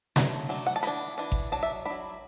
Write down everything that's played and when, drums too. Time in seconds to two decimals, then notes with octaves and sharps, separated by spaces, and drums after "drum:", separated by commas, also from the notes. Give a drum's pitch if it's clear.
0.16 F#3 A3, drum: snare
0.49 F#3 A3 D4
0.66 F#5
0.76 A5
0.83 E3 D4 B5, drum: hi-hat
1.18 E3 D4
1.32 drum: kick G#1
1.52 F#3 D4 A5
1.63 E5
1.85 F#3 D4 B5